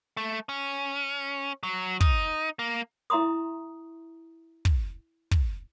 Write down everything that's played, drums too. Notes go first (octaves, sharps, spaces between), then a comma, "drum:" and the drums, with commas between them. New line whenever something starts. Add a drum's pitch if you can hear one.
A3
C#4
F#3
D#4, drum: kick
A#3
E4 E5 A#5 C6 D#6
drum: kick
drum: kick